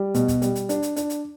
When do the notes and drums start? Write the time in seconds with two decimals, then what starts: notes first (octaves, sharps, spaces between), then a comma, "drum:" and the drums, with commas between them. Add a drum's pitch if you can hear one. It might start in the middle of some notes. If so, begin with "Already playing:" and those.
Already playing: G3
0.14 B2, drum: hi-hat
0.28 drum: kick, hi-hat
0.42 G3, drum: hi-hat
0.55 drum: hi-hat
0.69 D4, drum: hi-hat
0.83 drum: hi-hat
0.96 D4, drum: hi-hat
1.10 drum: hi-hat